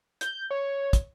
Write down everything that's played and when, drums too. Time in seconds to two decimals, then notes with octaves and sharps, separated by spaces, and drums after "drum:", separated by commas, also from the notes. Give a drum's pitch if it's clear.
0.21 G6, drum: hi-hat
0.51 C#5
0.93 drum: kick, hi-hat